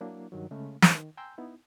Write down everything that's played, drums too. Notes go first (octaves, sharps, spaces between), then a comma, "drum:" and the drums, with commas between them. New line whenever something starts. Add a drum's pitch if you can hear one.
F#3 A#3 D4 E4
G2 D#3 F#3
C#3 G#3 A3 C#4
drum: snare
D#3
G5 G#5 A#5 C6 E6 G6
B3 D#4 E4